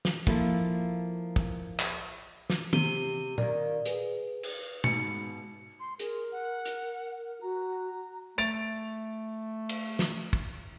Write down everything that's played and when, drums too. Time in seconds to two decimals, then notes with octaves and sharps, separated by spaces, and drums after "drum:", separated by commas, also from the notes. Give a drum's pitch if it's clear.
0.05 drum: snare
0.27 F3 A#3 E4 F4 A4, drum: kick
1.36 drum: kick
1.79 drum: clap
2.50 drum: snare
2.73 C3 D#7 G7, drum: tom
3.38 D#3 A#3 D5, drum: tom
3.86 G#4 B4, drum: hi-hat
4.43 drum: cymbal
4.84 G#2 B2 C#7, drum: tom
5.80 C6
5.99 G#4 A#4, drum: hi-hat
6.32 F#5
6.65 drum: hi-hat
7.42 F#4 A#5
8.38 A3 A6 D7 F7
9.69 drum: cymbal
9.99 drum: snare
10.33 drum: kick